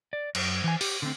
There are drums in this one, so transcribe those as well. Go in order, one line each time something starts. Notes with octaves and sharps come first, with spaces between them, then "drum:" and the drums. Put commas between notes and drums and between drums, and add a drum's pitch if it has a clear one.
D5
F#2, drum: cymbal
E3 G#5
G4, drum: open hi-hat
D3 A3 C4